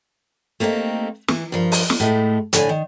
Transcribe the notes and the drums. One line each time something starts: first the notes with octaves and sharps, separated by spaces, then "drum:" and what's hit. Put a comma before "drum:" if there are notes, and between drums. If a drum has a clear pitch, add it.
A3 A#3 C4 D4 D#4 G4
E3, drum: snare
G2 F3 A#4
drum: open hi-hat
drum: snare
A2 G#3 A3
A2 D3 G#5, drum: hi-hat
D#3